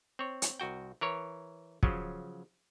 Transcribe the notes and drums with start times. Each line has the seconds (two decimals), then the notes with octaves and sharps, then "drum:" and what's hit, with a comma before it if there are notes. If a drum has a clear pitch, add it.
0.19 C4 C#5
0.42 drum: hi-hat
0.60 C2 F#4 G5
1.01 E3 A#4 C#5
1.83 C#3 F3 F#3, drum: kick